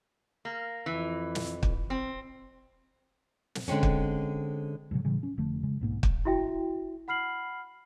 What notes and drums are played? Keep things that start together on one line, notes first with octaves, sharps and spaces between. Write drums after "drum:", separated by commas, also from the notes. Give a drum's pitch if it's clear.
A#3
F2 E3
drum: snare
drum: kick
C4
drum: snare
D3 G#3 C4 C#4
drum: kick
G2 A#2 C#3 F#3
A2 C#3 E3 G3
C#4
F1 D3 F3 A3
C#3 G#3
D1 B1 G#2 A#3
drum: kick
E4 F#4 E5 G5
F#5 B5 F6 C7 F#7